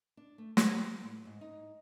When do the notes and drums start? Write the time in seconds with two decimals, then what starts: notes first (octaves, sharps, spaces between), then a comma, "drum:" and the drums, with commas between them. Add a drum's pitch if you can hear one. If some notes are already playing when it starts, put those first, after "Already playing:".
0.17 D4
0.38 A3
0.57 B3, drum: snare
0.74 G5
1.03 A2
1.25 G#2
1.41 D#4